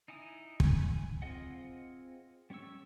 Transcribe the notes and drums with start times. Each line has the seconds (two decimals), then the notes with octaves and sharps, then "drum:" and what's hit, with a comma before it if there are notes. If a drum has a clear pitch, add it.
0.08 D#4 E4 G#5 D#6
0.60 G#5 B5, drum: kick
1.22 C4 F4 G#4 D#5 F#5
2.50 G3 C#4 C#5 C#6 E6